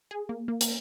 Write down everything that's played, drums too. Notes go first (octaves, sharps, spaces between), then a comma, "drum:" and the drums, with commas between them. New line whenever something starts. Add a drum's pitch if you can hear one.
G#4
A#3
A#3
A#3, drum: hi-hat